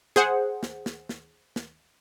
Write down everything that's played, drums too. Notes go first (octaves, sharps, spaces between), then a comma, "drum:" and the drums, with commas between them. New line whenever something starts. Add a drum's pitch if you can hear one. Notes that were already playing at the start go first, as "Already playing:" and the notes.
G#4 C5 F#5, drum: snare
drum: snare
drum: snare
drum: snare
drum: snare